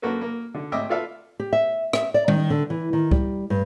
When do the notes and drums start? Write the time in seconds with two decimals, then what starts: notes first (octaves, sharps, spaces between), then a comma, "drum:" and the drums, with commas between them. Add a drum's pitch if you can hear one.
0.02 F#2 A#3 F#4 A4 B4
0.21 A#3
0.54 D3
0.72 G#1 A2 D#5 E5 G5 D6
0.89 F4 A4 B4 D5 E5 F5
1.40 G4
1.53 E5
1.93 E5, drum: rim click
2.14 D5
2.28 D#3, drum: tom G3
2.50 D3
2.70 E3
2.93 D#3
3.11 G3, drum: kick C#2
3.50 G2